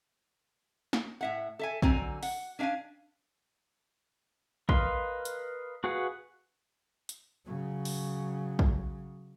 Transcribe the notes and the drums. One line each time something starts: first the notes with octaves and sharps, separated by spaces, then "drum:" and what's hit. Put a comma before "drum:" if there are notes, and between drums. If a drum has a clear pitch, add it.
drum: snare
A2 E5 F#5
A4 E5 G#5
D3 F#3 C4 D5 G#5 A#5, drum: kick
F#5, drum: open hi-hat
C#4 D4 E5 F5 G#5
A#4 B4 D#5 F5 C6, drum: kick
drum: hi-hat
F#4 G#4 B4 F5 F#5
drum: hi-hat
C#3 F#3
drum: open hi-hat
drum: kick